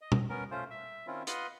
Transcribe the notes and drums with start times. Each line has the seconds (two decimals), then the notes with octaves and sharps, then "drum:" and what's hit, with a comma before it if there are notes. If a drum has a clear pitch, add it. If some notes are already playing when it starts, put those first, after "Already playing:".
0.01 D#5
0.12 drum: tom B2
0.29 B3 C#4 A#4
0.51 A3 C#4 F4 C5
0.71 E5
1.07 D#3 C4 C#4 E4 F4
1.27 F4 B4 D#5 F#5 C6 D#6, drum: hi-hat